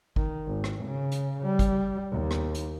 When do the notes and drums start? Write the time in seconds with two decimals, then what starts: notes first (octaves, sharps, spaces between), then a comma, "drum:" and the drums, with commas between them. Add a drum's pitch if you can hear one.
0.16 D#3, drum: kick
0.48 G#1
0.64 drum: rim click
0.85 C#3
1.12 drum: hi-hat
1.43 G3
1.59 drum: kick, hi-hat
2.11 D#2
2.31 drum: rim click
2.55 drum: hi-hat